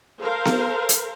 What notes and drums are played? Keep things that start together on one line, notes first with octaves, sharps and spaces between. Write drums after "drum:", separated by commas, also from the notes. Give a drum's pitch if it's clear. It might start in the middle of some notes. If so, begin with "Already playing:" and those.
A4 A#4 C5 F5
drum: snare B3
drum: hi-hat